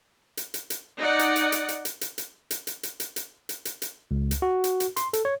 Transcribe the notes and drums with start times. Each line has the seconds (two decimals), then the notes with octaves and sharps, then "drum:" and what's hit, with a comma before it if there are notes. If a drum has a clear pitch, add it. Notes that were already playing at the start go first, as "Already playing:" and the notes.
0.37 drum: hi-hat
0.54 drum: hi-hat
0.70 drum: hi-hat
0.97 D#4 D5 F#5
1.19 drum: hi-hat
1.36 drum: hi-hat
1.52 drum: hi-hat
1.69 drum: hi-hat
1.85 drum: hi-hat
2.01 drum: hi-hat
2.18 drum: hi-hat
2.51 drum: hi-hat
2.67 drum: hi-hat
2.83 drum: hi-hat
3.00 drum: hi-hat
3.16 drum: hi-hat
3.49 drum: hi-hat
3.65 drum: hi-hat
3.82 drum: hi-hat
4.11 C#2
4.31 drum: hi-hat
4.42 F#4
4.64 drum: hi-hat
4.80 drum: hi-hat
4.96 C6, drum: hi-hat
5.13 A4, drum: hi-hat
5.25 C#5